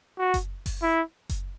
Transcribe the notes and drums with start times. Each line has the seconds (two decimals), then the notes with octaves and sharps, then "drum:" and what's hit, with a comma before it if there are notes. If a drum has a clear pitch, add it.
0.18 F#4
0.34 drum: kick F#1, hi-hat
0.66 drum: kick F#1, open hi-hat
0.82 E4
1.29 drum: kick F#1, hi-hat